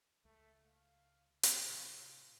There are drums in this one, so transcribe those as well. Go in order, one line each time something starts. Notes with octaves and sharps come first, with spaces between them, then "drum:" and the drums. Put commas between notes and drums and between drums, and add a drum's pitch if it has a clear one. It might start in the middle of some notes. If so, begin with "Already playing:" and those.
C#2 A3
F5
drum: hi-hat
A2 C3 F4